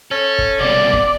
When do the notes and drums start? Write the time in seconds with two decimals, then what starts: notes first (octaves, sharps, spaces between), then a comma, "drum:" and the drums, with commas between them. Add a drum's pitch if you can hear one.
0.11 C#4 A4
0.38 drum: kick
0.59 C2 B2 D5
0.93 drum: kick